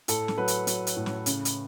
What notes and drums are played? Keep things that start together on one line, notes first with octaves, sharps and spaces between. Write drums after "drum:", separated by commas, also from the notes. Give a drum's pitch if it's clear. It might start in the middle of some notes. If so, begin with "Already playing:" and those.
A2 A4, drum: hi-hat
drum: snare
F#3 B4
drum: hi-hat
F#3, drum: hi-hat
drum: hi-hat
A2
drum: snare
C#3, drum: hi-hat
drum: hi-hat